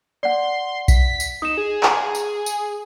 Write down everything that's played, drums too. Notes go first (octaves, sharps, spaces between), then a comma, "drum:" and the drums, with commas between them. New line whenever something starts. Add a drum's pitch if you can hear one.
D5 F#5 C6
B6, drum: kick B1, tambourine
drum: tambourine
D#4 D#6 E7
G#4
drum: clap
drum: tambourine
drum: tambourine